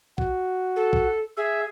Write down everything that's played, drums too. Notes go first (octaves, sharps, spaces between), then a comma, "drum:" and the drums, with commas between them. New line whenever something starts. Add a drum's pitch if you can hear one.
F#4, drum: kick
A4
drum: kick
G#4 E5